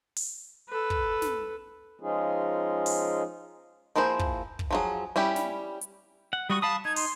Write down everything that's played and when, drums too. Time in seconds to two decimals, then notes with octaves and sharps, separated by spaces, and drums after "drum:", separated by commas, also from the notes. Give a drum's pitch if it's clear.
0.16 drum: open hi-hat
0.69 A4 B4
0.90 drum: kick
1.22 drum: snare
2.00 F3 G#3 C#4 D#4 F4 G#4
2.86 drum: open hi-hat
3.96 F3 A#3 E4 G#4 C5
4.19 drum: kick
4.59 drum: kick
4.71 F3 F#3 G#4
5.16 G3 C#4 E4 G4
5.36 drum: snare
5.81 drum: hi-hat
6.33 F#5
6.50 G3 F#4 C#6 D#6
6.62 F5 A5 B5 D#6
6.85 D#4 G#6
6.96 C6, drum: open hi-hat